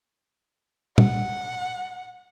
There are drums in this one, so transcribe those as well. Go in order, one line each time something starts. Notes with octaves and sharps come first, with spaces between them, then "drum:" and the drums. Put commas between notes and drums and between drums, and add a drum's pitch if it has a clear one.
F#5, drum: tom A#2